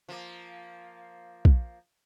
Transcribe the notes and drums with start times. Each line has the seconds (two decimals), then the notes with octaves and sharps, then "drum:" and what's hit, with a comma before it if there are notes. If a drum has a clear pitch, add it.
0.09 F3 A#3
1.45 drum: kick